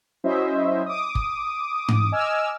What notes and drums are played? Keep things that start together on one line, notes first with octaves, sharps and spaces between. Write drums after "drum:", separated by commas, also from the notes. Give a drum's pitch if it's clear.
F#3 C#4 E4 C5 D#5 E5
D6 D#6
drum: kick G1
drum: tom G#2
D#5 G#5 D6 E6 F6